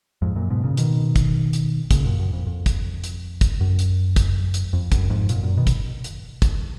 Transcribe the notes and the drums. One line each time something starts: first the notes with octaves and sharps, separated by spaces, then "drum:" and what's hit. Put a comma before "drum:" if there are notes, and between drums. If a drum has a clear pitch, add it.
F2 G#2
F#2 A#2
G#2 B2
A#2 C#3
B2 D#3, drum: hi-hat
drum: kick, hi-hat
drum: hi-hat
A#2 C#3, drum: kick, hi-hat
F#2 A#2
F#2
F2
F2
drum: kick, hi-hat
drum: hi-hat
drum: kick, hi-hat
F#2
drum: hi-hat
drum: kick, hi-hat
drum: hi-hat
F2
F#2, drum: kick, hi-hat
F2 G#2
F#2 A#2, drum: hi-hat
F#2 A#2
B2 D#3
drum: kick, hi-hat
drum: hi-hat
drum: kick, hi-hat